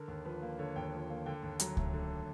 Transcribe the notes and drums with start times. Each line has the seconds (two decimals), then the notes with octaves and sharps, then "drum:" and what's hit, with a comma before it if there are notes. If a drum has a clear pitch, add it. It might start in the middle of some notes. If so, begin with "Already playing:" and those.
Already playing: D3 A#4
0.08 D#2
0.25 F3 B4
0.42 A#3
0.59 D3 C#5
0.76 D#2 G5
0.93 F3
1.10 A#3
1.26 D3 G5
1.43 D#2
1.60 F#3 A#5, drum: hi-hat
1.77 A3, drum: kick C#2
1.94 D3